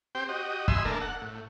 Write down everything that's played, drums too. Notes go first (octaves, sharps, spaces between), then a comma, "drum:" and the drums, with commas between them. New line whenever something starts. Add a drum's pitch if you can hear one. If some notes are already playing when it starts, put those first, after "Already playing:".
C4 G4 C5 G5
F#4 G4 D#5
D#5 E5 G#5 B5 C6 E6, drum: kick
A3 A#3 D4 A4 A#4
F#5
A2